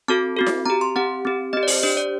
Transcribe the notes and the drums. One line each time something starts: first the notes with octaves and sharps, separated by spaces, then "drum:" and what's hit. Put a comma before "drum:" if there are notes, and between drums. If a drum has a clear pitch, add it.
C4 F#4 A4 A5
C4 F#4 A4
drum: snare E4
C4 G4 A#5
C6
C4 G4 F#5
C4 G4
C4 G4 D#5
D5
C5, drum: open hi-hat
D4 G4 C5
D5